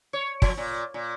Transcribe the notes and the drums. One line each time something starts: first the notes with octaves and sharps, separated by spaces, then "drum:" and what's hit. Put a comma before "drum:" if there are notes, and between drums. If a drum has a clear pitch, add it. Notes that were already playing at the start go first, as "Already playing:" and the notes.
C#5
F3, drum: kick
A#2
A#2